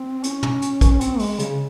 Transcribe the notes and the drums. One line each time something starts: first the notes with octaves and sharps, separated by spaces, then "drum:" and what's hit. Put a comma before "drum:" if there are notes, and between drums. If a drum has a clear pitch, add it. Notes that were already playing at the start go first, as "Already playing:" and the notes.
Already playing: C4
C#4, drum: hi-hat
drum: tom
drum: hi-hat
drum: kick A#1, hi-hat
C4, drum: hi-hat
G#3, drum: open hi-hat
C#3, drum: hi-hat